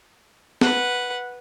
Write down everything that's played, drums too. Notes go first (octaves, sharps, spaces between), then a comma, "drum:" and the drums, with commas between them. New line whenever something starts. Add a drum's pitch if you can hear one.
B4 F#5, drum: snare